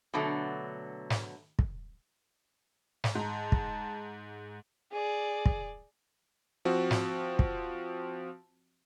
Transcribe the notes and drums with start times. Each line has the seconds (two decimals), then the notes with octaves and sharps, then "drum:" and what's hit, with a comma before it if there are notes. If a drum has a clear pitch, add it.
0.14 B2 D3 F#3 A3
1.10 drum: snare
1.59 drum: kick
3.04 drum: snare
3.15 G#2 A5 A#5
3.52 drum: kick
4.92 G#4 D5
5.46 drum: kick
6.65 F3 C4 F#4
6.91 drum: snare
7.39 drum: kick